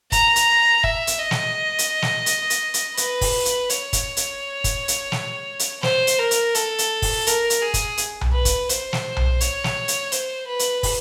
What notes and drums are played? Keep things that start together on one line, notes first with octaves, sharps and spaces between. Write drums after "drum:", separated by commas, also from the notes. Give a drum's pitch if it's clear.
A#5, drum: kick, hi-hat
drum: hi-hat
E5, drum: kick
drum: hi-hat
D#5
drum: snare
drum: hi-hat
drum: snare
drum: hi-hat
drum: hi-hat
drum: hi-hat
B4, drum: hi-hat
drum: kick, open hi-hat
drum: hi-hat
C#5, drum: hi-hat
drum: kick, hi-hat
drum: hi-hat
drum: kick, hi-hat
drum: hi-hat
drum: snare
drum: hi-hat
C5, drum: snare
drum: hi-hat
A#4
drum: hi-hat
A4, drum: hi-hat
drum: hi-hat
drum: kick, open hi-hat
A#4, drum: hi-hat
drum: hi-hat
G#4
drum: kick, hi-hat
drum: hi-hat
drum: tom B1
B4
drum: kick, hi-hat
C5, drum: hi-hat
drum: snare
drum: tom B1
C#5, drum: hi-hat
drum: snare
drum: hi-hat
C5, drum: hi-hat
B4
drum: hi-hat
drum: kick, open hi-hat